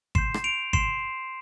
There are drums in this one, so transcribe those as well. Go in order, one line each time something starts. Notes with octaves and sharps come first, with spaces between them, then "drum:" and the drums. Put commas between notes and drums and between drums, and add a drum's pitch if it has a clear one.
C6 G6 C7 E7, drum: kick
drum: rim click
D7 F7
C6 C7 E7, drum: kick